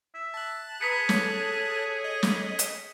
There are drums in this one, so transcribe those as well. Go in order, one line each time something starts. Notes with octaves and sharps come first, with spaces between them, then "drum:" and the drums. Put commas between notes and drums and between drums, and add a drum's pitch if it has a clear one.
E5
A5 F#6
G#4 B4 A#5 B5 D#6 B6 C#7
A4 C#5, drum: snare
D#5
drum: snare
drum: hi-hat